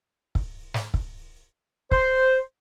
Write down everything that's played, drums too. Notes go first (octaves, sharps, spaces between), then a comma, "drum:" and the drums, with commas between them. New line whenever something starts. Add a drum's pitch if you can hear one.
drum: kick
drum: snare
drum: kick
C5, drum: kick